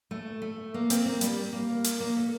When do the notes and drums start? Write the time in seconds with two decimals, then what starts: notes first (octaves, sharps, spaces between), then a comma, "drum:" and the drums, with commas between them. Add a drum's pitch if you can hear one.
0.11 A3
0.42 A3
0.74 A#3
0.90 C4, drum: hi-hat
1.05 A#3
1.21 G3, drum: hi-hat
1.53 A#3
1.84 drum: hi-hat
2.00 A#3
2.17 A3